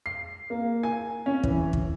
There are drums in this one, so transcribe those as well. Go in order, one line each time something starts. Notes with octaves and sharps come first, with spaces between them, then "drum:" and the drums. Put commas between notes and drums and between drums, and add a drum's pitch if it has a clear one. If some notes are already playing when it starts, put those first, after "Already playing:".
C7
A#3
G#5
C#4
E3, drum: kick
drum: kick